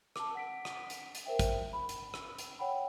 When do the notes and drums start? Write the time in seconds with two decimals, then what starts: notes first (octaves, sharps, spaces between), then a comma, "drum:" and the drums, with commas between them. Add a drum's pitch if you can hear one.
0.16 A5 D6, drum: rim click
0.35 F#5 B6 D7
0.65 drum: rim click
0.90 drum: hi-hat
1.15 drum: hi-hat
1.25 A#4 C5 E5 G5
1.39 drum: kick, hi-hat
1.73 B5
1.89 drum: hi-hat
2.14 drum: rim click
2.39 drum: hi-hat
2.59 C#5 F#5 G5 B5